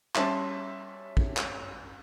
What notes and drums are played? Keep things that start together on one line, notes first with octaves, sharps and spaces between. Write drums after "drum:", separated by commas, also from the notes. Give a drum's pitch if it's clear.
G3 C#4 E5 A5 C6, drum: clap
drum: kick
drum: clap